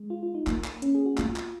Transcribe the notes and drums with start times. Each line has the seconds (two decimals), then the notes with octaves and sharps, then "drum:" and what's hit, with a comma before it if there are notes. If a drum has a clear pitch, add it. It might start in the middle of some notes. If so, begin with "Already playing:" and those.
Already playing: G#3
0.10 F4
0.23 F4
0.34 D#4
0.47 A#3, drum: clap
0.64 drum: clap
0.82 C#4, drum: hi-hat
0.95 G#4
1.06 F#4
1.18 B3 F4, drum: clap
1.36 drum: clap